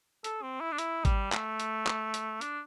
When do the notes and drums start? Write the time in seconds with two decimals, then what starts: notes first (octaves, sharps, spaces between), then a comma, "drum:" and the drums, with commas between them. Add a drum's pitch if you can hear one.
0.24 A4, drum: hi-hat
0.43 C4
0.60 E4
0.72 D4
0.78 E4, drum: hi-hat
1.05 G3, drum: kick G#1, hi-hat
1.32 A3, drum: clap
1.60 drum: hi-hat
1.87 drum: clap
2.14 drum: hi-hat
2.41 D4, drum: hi-hat